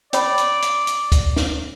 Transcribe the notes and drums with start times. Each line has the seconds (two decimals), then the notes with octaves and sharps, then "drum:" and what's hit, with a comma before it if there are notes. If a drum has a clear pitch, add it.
0.13 C#4 C#5 D5 B5, drum: hi-hat
0.38 drum: hi-hat
0.62 drum: hi-hat
0.87 drum: hi-hat
1.12 drum: kick, hi-hat
1.36 drum: snare